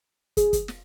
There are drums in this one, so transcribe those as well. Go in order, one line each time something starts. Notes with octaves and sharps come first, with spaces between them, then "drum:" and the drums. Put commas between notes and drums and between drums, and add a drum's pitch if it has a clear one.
G#4, drum: kick, hi-hat
drum: kick, hi-hat
drum: snare